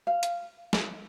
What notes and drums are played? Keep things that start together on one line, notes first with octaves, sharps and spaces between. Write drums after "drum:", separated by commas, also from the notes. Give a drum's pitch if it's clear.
F5
drum: hi-hat
drum: snare